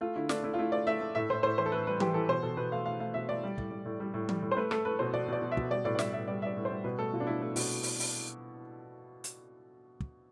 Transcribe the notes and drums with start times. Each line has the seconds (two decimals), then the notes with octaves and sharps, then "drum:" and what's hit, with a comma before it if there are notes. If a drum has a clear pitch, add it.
0.01 A3 F4
0.16 D3 E4
0.29 A3 D4, drum: snare
0.43 A3 E4
0.54 F4
0.58 A3 E4
0.72 A3 D5
0.87 A3 E5
1.01 A3
1.15 A2 E5
1.30 A2 C5
1.43 A2 C5
1.58 E3 C5
1.66 A4
1.72 A2 B4
1.87 G3 B4
2.00 E3 G4, drum: tom E3
2.14 E3 A4
2.29 B2 C5
2.43 B2 A4
2.57 B2 B4
2.72 A3 F5
2.86 A3 F5
3.00 A3 F5
3.14 B2 E5
3.28 A3 D5
3.43 G3
3.58 A2, drum: kick
3.71 G3
3.86 A2
4.00 G3
4.14 A2
4.29 G3, drum: tom E3
4.42 A2
4.51 C5
4.56 A3 B4
4.71 A3 A4, drum: rim click
4.85 A3 B4
4.99 B2 C5
5.13 B2 D5
5.28 B2 D5
5.42 B2
5.52 E5
5.57 B2, drum: kick
5.70 G3 D5
5.85 A2 D5
5.95 D5
5.99 G3 E5, drum: snare
6.13 A2 E5
6.28 G3 D5
6.42 G3 D5 E5
6.57 A2
6.65 C5
6.71 G3
6.84 B2 B4
6.99 A3 A4
7.13 B2 F4
7.20 D4
7.27 A3 E4
7.41 A3
7.56 B2, drum: open hi-hat
7.83 drum: open hi-hat
8.00 drum: open hi-hat
9.24 drum: hi-hat
10.00 drum: kick